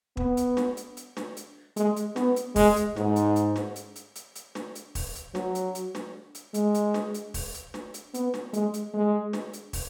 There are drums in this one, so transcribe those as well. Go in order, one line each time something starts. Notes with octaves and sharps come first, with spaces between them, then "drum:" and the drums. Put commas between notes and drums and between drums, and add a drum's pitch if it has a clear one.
B3, drum: kick
drum: hi-hat
drum: snare
drum: hi-hat
drum: hi-hat
drum: snare
drum: hi-hat
G#3, drum: hi-hat
drum: hi-hat
B3, drum: snare
drum: hi-hat
G#3, drum: kick, open hi-hat
drum: hi-hat
G#2, drum: snare
drum: hi-hat
drum: hi-hat
drum: snare
drum: hi-hat
drum: hi-hat
drum: hi-hat
drum: hi-hat
drum: snare
drum: hi-hat
drum: kick, open hi-hat
drum: hi-hat
F#3, drum: snare
drum: hi-hat
drum: hi-hat
drum: snare
drum: hi-hat
G#3, drum: hi-hat
drum: hi-hat
drum: snare
drum: hi-hat
drum: kick, open hi-hat
drum: hi-hat
drum: snare
drum: hi-hat
B3, drum: hi-hat
drum: snare
G#3, drum: hi-hat
drum: hi-hat
G#3
drum: snare
drum: hi-hat
drum: kick, open hi-hat